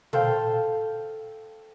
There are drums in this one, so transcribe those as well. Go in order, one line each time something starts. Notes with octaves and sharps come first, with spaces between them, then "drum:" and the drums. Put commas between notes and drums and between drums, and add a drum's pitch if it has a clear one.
A4 C5 F5 G5, drum: tom A#2